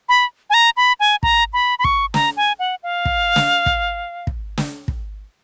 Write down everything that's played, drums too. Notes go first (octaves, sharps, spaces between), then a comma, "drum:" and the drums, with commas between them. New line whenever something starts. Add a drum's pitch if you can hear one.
B5
G#5
A#5
B5
G#5
A#5, drum: kick
B5
B5
C#6, drum: kick
A#5, drum: snare
G#5
F#5
F5
drum: kick
drum: snare
drum: kick
drum: kick
drum: snare
drum: kick